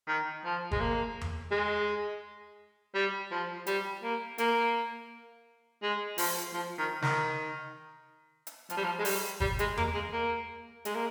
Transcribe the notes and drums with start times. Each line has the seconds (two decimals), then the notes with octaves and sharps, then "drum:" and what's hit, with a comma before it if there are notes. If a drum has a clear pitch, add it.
0.08 D#3
0.45 F3
0.72 G#3, drum: kick
0.80 A#3
1.21 drum: tom E2
1.51 G#3
2.94 G3
3.31 F3
3.67 G3, drum: hi-hat
4.03 A#3
4.38 A#3, drum: hi-hat
5.82 G#3
6.18 F3, drum: open hi-hat
6.54 F3
6.78 D#3
7.02 D#3, drum: snare
8.47 drum: hi-hat
8.70 F3, drum: hi-hat
8.77 G3
8.84 F3
8.99 G#3
9.05 G3, drum: open hi-hat
9.40 G3, drum: kick
9.59 G#3, drum: hi-hat
9.77 A#3, drum: tom E2
9.94 G#3
10.12 A#3
10.85 G#3, drum: hi-hat
10.95 A#3